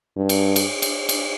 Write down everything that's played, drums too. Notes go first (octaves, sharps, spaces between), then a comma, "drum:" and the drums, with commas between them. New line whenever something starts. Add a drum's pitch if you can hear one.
G2
drum: cymbal
drum: cymbal
drum: cymbal
drum: cymbal